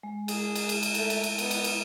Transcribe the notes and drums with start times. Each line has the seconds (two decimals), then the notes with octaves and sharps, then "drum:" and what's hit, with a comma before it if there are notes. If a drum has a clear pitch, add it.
0.03 G#3
0.28 G#4, drum: cymbal
0.55 drum: cymbal
0.69 drum: cymbal
0.83 drum: cymbal
0.94 A3, drum: cymbal
1.10 drum: cymbal
1.23 drum: cymbal
1.38 B3, drum: cymbal
1.51 drum: cymbal
1.64 drum: cymbal